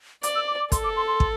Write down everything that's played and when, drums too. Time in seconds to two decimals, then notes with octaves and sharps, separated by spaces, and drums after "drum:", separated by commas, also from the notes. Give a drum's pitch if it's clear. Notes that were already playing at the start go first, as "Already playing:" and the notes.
0.23 D5 D6, drum: hi-hat
0.35 E6
0.47 D6
0.60 D6
0.72 A4 C6, drum: kick, hi-hat
0.84 D6
0.96 C6
1.07 C6
1.20 drum: kick